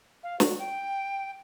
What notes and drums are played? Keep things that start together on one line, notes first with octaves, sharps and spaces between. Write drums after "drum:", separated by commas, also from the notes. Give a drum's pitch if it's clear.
F5
F#4, drum: snare
G5